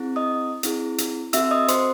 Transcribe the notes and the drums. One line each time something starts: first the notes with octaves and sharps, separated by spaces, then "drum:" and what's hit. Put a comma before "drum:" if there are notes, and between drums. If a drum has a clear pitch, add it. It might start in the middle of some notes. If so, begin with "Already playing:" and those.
Already playing: C4 E4 G#4
D#5 D#6
C4 E4 G#4, drum: hi-hat
drum: hi-hat
C4 F#4 A4 E5 E6, drum: hi-hat
D#5 D#6
C5 C6, drum: hi-hat